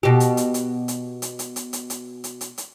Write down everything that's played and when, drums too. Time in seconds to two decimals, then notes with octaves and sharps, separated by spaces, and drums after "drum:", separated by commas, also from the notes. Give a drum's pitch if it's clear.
0.03 B2 G4
0.20 drum: hi-hat
0.37 drum: hi-hat
0.54 drum: hi-hat
0.88 drum: hi-hat
1.22 drum: hi-hat
1.39 drum: hi-hat
1.56 drum: hi-hat
1.73 drum: hi-hat
1.90 drum: hi-hat
2.24 drum: hi-hat
2.41 drum: hi-hat
2.58 drum: hi-hat